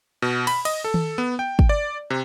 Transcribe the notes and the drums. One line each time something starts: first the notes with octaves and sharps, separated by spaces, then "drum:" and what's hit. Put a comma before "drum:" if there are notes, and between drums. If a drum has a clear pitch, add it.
B2
B5, drum: cymbal
D#5, drum: cymbal
A4
drum: tom D#3
B3
G5
drum: kick
D5
C3